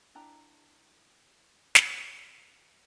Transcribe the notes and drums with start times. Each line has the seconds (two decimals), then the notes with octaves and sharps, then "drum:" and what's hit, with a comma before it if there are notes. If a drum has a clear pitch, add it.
0.15 D4 E4 G5 A#5
1.75 drum: snare